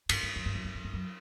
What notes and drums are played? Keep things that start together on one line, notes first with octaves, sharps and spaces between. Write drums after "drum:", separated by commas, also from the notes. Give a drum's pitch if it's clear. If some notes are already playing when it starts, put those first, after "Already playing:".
G2, drum: cymbal
G2
F#2
G2
F#2
G2
F#2
G2
F#2